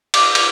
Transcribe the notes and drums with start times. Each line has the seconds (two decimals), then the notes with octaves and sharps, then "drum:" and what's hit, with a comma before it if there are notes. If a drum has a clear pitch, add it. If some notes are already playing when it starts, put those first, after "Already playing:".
0.14 D6, drum: cymbal
0.35 drum: cymbal